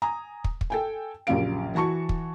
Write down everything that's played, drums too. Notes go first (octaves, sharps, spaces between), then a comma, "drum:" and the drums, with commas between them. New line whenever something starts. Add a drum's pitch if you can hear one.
G#5 A#5 D#6
drum: kick
drum: kick
A4 G5 G#5
A#1 F#2 C#3 G4 F5 D7
E3 F#4 A5 C#6 C#7
drum: kick